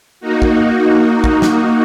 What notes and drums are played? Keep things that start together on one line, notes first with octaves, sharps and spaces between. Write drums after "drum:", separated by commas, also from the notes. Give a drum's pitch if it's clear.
A#3 D#4 F#4
drum: kick
drum: kick
drum: snare